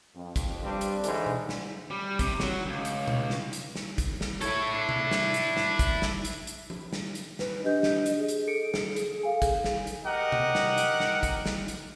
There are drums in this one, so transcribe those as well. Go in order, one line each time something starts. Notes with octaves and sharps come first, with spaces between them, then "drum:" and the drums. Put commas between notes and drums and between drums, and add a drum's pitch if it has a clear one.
F2
drum: kick, hi-hat
G2 G3 C4 D4
drum: hi-hat
G#2 D3 E3, drum: hi-hat
drum: tom B2
drum: snare
G3
C3, drum: kick, hi-hat
F#3, drum: snare
C#2
drum: hi-hat
drum: tom B2
drum: snare
drum: hi-hat
drum: snare
drum: kick, hi-hat
drum: snare
E4 A4 C#5, drum: hi-hat
D4
drum: tom C3
drum: snare
drum: hi-hat
drum: snare
drum: kick, hi-hat
drum: snare
drum: hi-hat
drum: hi-hat
drum: tom F3
drum: snare
drum: hi-hat
B4, drum: snare
D4 G4 D#5 G6
drum: snare
drum: hi-hat
G#4
drum: hi-hat
A4 C#7 D7
drum: snare
drum: hi-hat
A4 F5 G#5
drum: kick, hi-hat
drum: snare
drum: hi-hat
G4 A#4 D#5 F#5
drum: tom C3
drum: snare
drum: hi-hat
drum: snare
drum: kick, hi-hat
drum: snare
drum: hi-hat